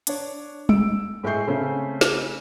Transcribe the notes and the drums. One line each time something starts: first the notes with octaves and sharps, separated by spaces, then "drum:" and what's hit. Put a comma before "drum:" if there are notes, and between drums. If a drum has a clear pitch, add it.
D4 C#5, drum: hi-hat
E6 D7, drum: tom G3
A2 G#3 E5 C#6 G6 C7
C#3 A3 C4 C#4
drum: snare